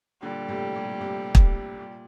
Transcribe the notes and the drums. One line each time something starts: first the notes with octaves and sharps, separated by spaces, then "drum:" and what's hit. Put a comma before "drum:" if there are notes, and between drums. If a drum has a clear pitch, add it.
A#2 D3 G3
A2 C3
A#2
A2 C3
drum: kick
A#2